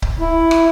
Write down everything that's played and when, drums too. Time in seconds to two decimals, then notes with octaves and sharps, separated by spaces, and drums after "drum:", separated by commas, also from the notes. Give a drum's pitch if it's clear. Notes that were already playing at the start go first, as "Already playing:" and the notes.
0.02 drum: kick C#1
0.20 E4
0.51 drum: rim click